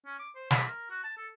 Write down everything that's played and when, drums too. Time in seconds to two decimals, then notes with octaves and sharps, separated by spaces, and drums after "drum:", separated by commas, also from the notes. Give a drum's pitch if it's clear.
0.06 C#4
0.19 D6
0.36 C5
0.51 B5, drum: snare
0.68 A#4
0.90 F#4
1.04 A5
1.18 A4